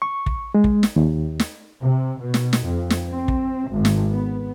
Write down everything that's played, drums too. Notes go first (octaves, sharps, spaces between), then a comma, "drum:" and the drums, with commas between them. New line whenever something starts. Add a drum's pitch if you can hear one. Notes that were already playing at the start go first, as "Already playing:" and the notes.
C#6
drum: kick
G#3
drum: kick
drum: snare
D#2
drum: snare
C3
B2
drum: snare
drum: snare
F2
drum: snare
C4
drum: kick
G#1
drum: snare
B3